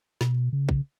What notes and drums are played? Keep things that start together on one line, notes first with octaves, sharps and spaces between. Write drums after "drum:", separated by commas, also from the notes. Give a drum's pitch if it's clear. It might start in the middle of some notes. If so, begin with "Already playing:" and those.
B2, drum: snare
C#3
drum: kick